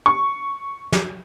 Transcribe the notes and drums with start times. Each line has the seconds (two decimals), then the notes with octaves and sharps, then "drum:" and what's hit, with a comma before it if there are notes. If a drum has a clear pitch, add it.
0.06 C#6
0.92 drum: snare